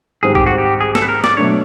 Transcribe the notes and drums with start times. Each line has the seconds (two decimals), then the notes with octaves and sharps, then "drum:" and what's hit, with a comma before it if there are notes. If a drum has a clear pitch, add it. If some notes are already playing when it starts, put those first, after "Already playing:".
0.23 G#2 D#3 G3 C4 G#4
0.35 G4, drum: kick
0.47 F#4
0.58 G4
0.80 G#4
0.95 A4, drum: snare
1.02 B4
1.09 A#4
1.24 D5, drum: snare
1.37 B2 F#3 A3 D4 C#5